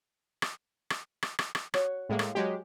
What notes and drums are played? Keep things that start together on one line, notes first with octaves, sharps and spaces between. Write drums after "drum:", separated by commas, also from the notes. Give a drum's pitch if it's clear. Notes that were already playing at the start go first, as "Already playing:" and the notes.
drum: rim click
drum: rim click
drum: rim click
drum: rim click
drum: rim click
F#4 C#5, drum: rim click
A2 G#3 A#3
drum: rim click
F#3 G#3 G4